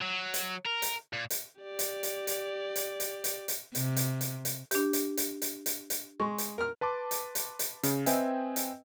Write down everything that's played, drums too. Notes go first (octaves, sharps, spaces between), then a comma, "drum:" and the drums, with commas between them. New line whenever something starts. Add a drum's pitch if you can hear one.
F#3
drum: hi-hat
A#4
drum: hi-hat
A#2
drum: hi-hat
G4 D5
drum: hi-hat
drum: hi-hat
drum: hi-hat
drum: hi-hat
drum: hi-hat
drum: hi-hat
drum: hi-hat
C3, drum: hi-hat
drum: hi-hat
drum: hi-hat
drum: hi-hat
D4 G4, drum: hi-hat
drum: hi-hat
drum: hi-hat
drum: hi-hat
drum: hi-hat
drum: hi-hat
G#3 C6 C#6
drum: hi-hat
A#4 F6
B4 A5 C6 D6
drum: hi-hat
drum: hi-hat
drum: hi-hat
C#3, drum: hi-hat
C4 B4 D#5 E5 G5 G#5, drum: hi-hat
drum: hi-hat